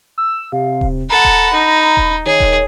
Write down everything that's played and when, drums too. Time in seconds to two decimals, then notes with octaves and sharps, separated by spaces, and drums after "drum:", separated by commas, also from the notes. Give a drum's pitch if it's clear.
0.18 E6
0.52 C3 F5
0.81 drum: kick D#1
1.10 A4 F#5 A#5 B5
1.25 drum: kick D#1
1.54 D#4
1.97 drum: kick D#1
2.26 D#3 G#4 C#5
2.40 drum: kick D#1